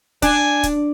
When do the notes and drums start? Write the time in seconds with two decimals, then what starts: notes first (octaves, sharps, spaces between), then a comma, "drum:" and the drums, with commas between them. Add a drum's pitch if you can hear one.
0.22 D4 G#5, drum: kick, hi-hat
0.63 drum: kick, hi-hat